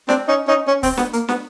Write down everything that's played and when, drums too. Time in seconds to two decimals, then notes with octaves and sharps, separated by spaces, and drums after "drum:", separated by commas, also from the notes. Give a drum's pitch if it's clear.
0.09 C4 D4, drum: snare
0.28 C#4 D#4
0.48 C#4 D#4
0.68 C#4
0.83 C4, drum: kick, open hi-hat
0.97 B3, drum: snare
1.13 A#3, drum: hi-hat
1.28 B3, drum: snare